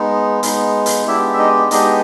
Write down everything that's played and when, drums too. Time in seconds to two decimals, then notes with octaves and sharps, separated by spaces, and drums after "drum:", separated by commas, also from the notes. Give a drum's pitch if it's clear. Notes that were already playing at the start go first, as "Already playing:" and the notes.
Already playing: G#3 B3 D#4
0.43 G#3 B3 D#4, drum: hi-hat
0.86 drum: hi-hat
1.07 G#3 B3 D4 E4 G4 E5
1.33 E5
1.39 D#4 D#5
1.71 G#3 B3 D4 D#4 G4 D#5, drum: hi-hat